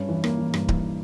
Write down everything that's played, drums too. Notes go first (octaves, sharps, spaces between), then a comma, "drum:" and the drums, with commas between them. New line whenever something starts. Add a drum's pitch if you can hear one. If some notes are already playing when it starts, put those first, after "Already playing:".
Already playing: G2 C#4
E3
A#3, drum: rim click
E3
G2, drum: rim click
E3, drum: kick D1